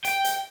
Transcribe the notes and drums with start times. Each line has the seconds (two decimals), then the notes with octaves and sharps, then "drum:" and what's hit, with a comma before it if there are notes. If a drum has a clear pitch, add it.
0.05 G5, drum: hi-hat
0.24 drum: hi-hat